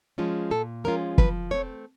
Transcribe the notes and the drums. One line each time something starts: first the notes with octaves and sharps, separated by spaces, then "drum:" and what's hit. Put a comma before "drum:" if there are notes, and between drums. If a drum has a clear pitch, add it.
F3 G#3 C#4 F4
A#2 A4
F3 G#3 C#4 F4 A#4
F3 B4, drum: kick
A3 C4 C#5